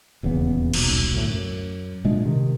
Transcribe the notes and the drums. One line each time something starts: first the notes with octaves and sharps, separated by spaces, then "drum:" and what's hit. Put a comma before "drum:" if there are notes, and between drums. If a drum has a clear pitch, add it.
D#1 E2 C#3 B3
D#1 B1, drum: cymbal
D2 A2
F#2
A#2 G#3 A3 D4
C3 D#3